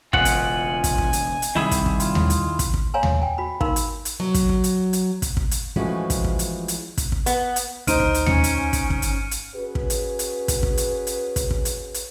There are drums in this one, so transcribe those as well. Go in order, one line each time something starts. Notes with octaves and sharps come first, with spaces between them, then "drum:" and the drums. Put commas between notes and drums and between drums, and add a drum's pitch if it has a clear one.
E1 C#3 F4 F#5 G#5, drum: kick
drum: hi-hat
drum: kick, hi-hat
drum: kick
drum: hi-hat
drum: hi-hat
C2 D#3 E4 G#4
drum: kick, hi-hat
drum: kick
F4, drum: hi-hat
drum: tom D#2
drum: hi-hat
drum: kick, hi-hat
drum: kick
C#5 F5 G#5 A#5 C6
drum: tom D#2
G5 G#5
F#4 B5
D#4 A#4 F5 B5 C6, drum: kick
drum: hi-hat
drum: hi-hat
F#3
drum: kick, hi-hat
drum: kick
drum: hi-hat
drum: hi-hat
drum: kick, hi-hat
drum: kick
drum: hi-hat
E3 F3 G#3 A3 C#4 F#4
drum: kick, hi-hat
drum: kick
drum: hi-hat
drum: hi-hat
drum: kick, hi-hat
drum: kick
B3, drum: hi-hat
drum: hi-hat
D2 D#4 C5 F6 D7 D#7, drum: kick, hi-hat
drum: kick
drum: hi-hat
C#4 C#7, drum: tom D#2
drum: hi-hat
drum: kick, hi-hat
G1, drum: kick
drum: hi-hat
drum: hi-hat
C#4 F#4 G#4 B4
drum: kick
drum: hi-hat
drum: hi-hat
drum: kick, hi-hat
drum: kick
drum: hi-hat
drum: hi-hat
drum: kick, hi-hat
drum: kick
drum: hi-hat
drum: hi-hat